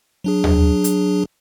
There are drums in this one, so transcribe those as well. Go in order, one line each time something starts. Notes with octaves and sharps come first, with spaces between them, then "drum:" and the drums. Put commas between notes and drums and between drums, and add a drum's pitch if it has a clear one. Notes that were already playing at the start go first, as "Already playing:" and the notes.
F#3 D4 G#4
drum: tom D#2
drum: hi-hat